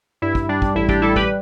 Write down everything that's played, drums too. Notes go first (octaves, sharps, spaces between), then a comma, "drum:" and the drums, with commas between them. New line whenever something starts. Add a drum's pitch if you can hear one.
G2 E4
drum: kick
G3 D4
drum: kick
A1 E4
D4 G4, drum: kick
G3 E4 A4
G4 B4, drum: kick